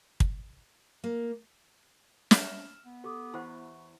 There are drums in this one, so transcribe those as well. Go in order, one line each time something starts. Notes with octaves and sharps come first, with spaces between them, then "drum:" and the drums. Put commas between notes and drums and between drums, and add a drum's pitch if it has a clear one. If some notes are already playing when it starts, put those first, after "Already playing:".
drum: kick
A#3
E5 F6 E7, drum: snare
B3
G4 A4 D6 D#6
E2 E4 C5 F#5 C#6